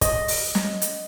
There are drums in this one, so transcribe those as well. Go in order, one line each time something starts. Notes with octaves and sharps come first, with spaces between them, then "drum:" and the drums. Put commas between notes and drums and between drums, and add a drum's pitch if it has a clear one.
D#5, drum: kick, hi-hat
drum: open hi-hat
drum: snare
drum: hi-hat